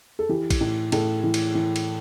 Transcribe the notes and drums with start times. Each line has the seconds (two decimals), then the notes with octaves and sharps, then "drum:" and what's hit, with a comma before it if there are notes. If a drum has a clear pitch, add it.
0.19 A4
0.29 E3 G4
0.50 drum: kick A#1, cymbal
0.61 A2
0.92 A2 A4, drum: cymbal
1.24 E3
1.34 drum: cymbal
1.55 E3
1.76 drum: cymbal